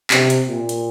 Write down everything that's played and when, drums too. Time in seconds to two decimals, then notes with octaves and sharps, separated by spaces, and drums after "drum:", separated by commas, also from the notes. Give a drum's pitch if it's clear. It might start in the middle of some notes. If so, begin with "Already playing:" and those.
0.11 C3, drum: clap
0.30 drum: hi-hat
0.49 A#2
0.69 drum: hi-hat